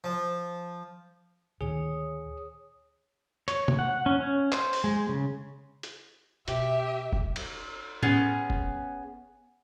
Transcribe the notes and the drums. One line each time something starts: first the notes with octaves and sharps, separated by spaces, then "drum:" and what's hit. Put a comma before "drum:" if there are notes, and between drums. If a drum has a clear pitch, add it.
F3
D2 A#2 D#3 G#4 C#5 D#6
C#5, drum: hi-hat
drum: tom
F#5
C#4
C#4
C5, drum: clap
drum: open hi-hat
G#3
C#3
drum: hi-hat
B2 G4 E5, drum: hi-hat
drum: kick
drum: cymbal
B3 C#4 G#4, drum: tom A2
drum: kick